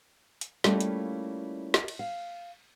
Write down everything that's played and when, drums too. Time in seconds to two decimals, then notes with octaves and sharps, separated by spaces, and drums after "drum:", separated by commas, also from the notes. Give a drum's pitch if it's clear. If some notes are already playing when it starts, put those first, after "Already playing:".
0.41 drum: hi-hat
0.64 G3 A3 A#3 C#4 E4 F4, drum: snare
0.81 drum: hi-hat
1.74 drum: snare
1.88 drum: cymbal
1.99 F5